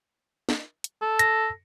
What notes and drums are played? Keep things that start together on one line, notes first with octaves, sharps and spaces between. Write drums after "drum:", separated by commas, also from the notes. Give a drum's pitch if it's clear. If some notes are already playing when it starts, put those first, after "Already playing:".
drum: snare
drum: hi-hat
A4
A#6, drum: hi-hat